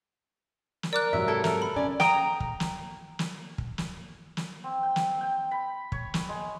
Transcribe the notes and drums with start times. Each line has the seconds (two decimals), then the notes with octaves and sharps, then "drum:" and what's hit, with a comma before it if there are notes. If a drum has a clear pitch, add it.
0.83 drum: snare
0.93 A#4 D5 D6 F#6
1.13 G#2 C3 F#3 E5
1.28 E4 A4
1.44 A4 A#4, drum: snare
1.62 B5
1.76 C#4 D5 G#5
2.00 G5 A#5 D#6, drum: snare
2.40 drum: kick
2.60 drum: snare
3.19 drum: snare
3.58 drum: kick
3.78 drum: snare
4.37 drum: snare
4.64 C4
4.83 G5
4.96 drum: snare
5.21 G5
5.51 B5
5.92 C#5, drum: kick
6.14 drum: snare
6.29 G#3